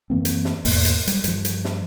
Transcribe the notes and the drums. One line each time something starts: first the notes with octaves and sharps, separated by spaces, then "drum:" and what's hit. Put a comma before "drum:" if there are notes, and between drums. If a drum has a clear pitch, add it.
F#2 E3 A#3 C4
drum: hi-hat
drum: snare
E2 G#2 B2 A#3, drum: open hi-hat
drum: hi-hat
G3, drum: hi-hat
G2 F3, drum: hi-hat
drum: hi-hat
drum: snare